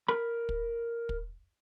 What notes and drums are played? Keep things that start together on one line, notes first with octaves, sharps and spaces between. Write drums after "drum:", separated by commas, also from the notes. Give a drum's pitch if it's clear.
A#4 B5
drum: kick
drum: kick